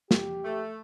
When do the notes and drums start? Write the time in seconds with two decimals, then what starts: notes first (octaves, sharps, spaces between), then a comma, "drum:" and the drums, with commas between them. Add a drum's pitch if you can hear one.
0.11 G4, drum: snare
0.45 A3